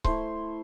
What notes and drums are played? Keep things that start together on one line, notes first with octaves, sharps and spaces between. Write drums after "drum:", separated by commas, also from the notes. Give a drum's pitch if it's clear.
A3 E4 C5, drum: kick C#1